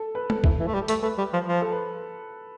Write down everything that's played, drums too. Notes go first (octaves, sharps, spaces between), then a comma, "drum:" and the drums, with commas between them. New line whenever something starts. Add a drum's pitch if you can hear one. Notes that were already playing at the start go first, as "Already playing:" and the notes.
Already playing: A4
B4
A4, drum: tom G#3
E3, drum: kick
E3
A3
G3
A3, drum: hi-hat
A3 B4
G3
F3
F3
A4
B4